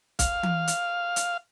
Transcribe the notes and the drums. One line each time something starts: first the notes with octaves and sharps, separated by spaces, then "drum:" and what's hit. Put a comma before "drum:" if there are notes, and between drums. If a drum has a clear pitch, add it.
F5, drum: kick, hi-hat
drum: tom E3
drum: hi-hat
drum: hi-hat